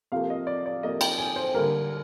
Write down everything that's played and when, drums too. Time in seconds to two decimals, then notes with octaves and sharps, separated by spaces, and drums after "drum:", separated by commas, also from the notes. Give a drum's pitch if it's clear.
0.12 C3 F3 A#3 F5
0.30 D#5
0.47 D5
0.66 D5
0.83 C3 F3 A#3 D#5
1.01 G5, drum: cymbal
1.18 G#5
1.36 C5
1.54 D3 G3 A#3 A#4